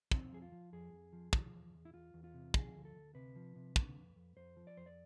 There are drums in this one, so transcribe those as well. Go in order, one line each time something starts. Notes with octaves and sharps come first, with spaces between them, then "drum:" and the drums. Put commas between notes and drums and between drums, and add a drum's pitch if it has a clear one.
F2 C4, drum: kick
F3 G#4
F4
F3
F2 G#4
F2
F3
F3, drum: kick
E2
E2
E4
E2 F4
E2
F4
C3
F3 G#4, drum: kick
D2
A4
D2
C3 B4
F3
C3
D3, drum: kick
F2
F2
F2 C5
F3
D5
F2 C5
D5